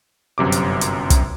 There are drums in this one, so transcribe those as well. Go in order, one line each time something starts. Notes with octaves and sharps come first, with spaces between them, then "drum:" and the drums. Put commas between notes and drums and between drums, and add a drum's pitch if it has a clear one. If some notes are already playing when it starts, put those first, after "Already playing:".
G1 F#2 C3 D6
drum: hi-hat
drum: hi-hat
drum: kick, hi-hat